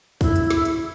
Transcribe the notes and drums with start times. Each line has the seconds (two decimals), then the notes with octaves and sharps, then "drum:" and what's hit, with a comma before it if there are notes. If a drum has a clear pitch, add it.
0.21 E4, drum: kick, open hi-hat
0.36 drum: hi-hat
0.50 drum: snare
0.65 drum: hi-hat